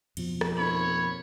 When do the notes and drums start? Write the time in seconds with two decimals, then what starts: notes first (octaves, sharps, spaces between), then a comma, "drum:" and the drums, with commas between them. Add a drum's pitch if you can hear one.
0.17 F2 B2 F3, drum: cymbal
0.41 drum: rim click
0.58 A#3 C4 D#4 C#5 B5